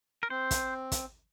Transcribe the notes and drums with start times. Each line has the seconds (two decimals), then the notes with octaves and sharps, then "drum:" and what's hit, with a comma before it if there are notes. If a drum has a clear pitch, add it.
0.23 A#4
0.30 C4 C5
0.51 drum: kick, hi-hat
0.92 drum: kick, hi-hat